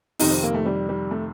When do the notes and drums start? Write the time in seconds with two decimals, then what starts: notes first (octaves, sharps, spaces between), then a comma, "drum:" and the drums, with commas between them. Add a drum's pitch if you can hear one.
0.19 F2 C3 D#3 D#4, drum: open hi-hat
0.31 C4
0.43 A#3
0.54 A3
0.66 G3
0.89 G3
1.11 A3